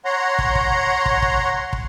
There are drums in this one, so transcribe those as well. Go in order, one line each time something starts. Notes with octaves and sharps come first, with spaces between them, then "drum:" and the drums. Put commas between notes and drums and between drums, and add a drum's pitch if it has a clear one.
C#5 F#5 A#5 C6
drum: kick
drum: kick
drum: kick
drum: kick
drum: kick